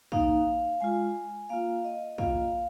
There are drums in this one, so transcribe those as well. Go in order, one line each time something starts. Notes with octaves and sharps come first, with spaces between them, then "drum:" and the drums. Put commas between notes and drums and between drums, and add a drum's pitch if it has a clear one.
A#3 D#4 F5, drum: kick
G#3 F4 G#5
A#3 F4 F5
D#5
A#3 F4 F5, drum: kick